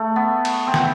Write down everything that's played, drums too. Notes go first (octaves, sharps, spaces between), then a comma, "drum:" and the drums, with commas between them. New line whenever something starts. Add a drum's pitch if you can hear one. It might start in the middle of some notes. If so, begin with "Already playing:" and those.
Already playing: A3
B3
drum: cymbal
C4
B3, drum: snare